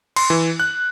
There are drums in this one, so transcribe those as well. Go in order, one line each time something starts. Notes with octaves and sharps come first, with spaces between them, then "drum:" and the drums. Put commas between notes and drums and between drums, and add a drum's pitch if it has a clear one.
C6, drum: cymbal
E3
F#6